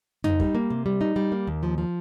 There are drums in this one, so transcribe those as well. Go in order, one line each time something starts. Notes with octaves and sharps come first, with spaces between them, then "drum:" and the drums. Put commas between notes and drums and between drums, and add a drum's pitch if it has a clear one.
D#4, drum: tom F2
G3, drum: kick
A#3
C3
G3
D#4
G3
A#3
D#2
F3
F3